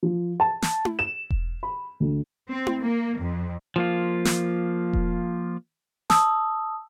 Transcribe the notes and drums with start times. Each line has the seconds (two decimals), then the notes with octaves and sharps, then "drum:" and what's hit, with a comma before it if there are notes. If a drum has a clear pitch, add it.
0.03 F3
0.40 A5
0.62 drum: snare
0.85 drum: tom E4
0.99 E7
1.30 drum: kick E1
1.63 B5
2.00 D2
2.49 C4
2.67 drum: tom E4
2.82 A#3
3.18 F2
3.76 F3 A#3 F4
4.25 drum: snare
4.93 drum: kick E1
6.10 A5 D#6 E6, drum: snare